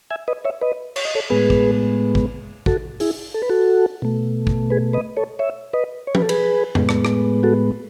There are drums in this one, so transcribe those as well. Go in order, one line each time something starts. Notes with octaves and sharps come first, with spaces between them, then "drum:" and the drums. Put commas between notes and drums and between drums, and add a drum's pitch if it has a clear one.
E5 G#5
B4 D#5
C#5 E5
B4 D#5
C#5, drum: cymbal
D#5
A4 C#5
A2 G#3 B3 G#4 B4
drum: kick
drum: kick
F#4 A4, drum: kick
E4 G#4, drum: open hi-hat
A4
B4
F#4 A4
B2 A3
drum: kick
G#4 B4
B4 D#5
A4 C#5
C#5 E5
B4 D#5
C#5
B4, drum: tom F3
A4
G#4 B4, drum: cymbal
A2 G#3 B3, drum: tom F2
drum: rim click
drum: rim click
F#4 A4